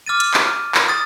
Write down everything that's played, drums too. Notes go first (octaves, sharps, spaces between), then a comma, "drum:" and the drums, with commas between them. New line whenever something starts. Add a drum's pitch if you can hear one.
D6 F6 A6 D#7
drum: hi-hat
drum: clap
drum: clap
D#6 A6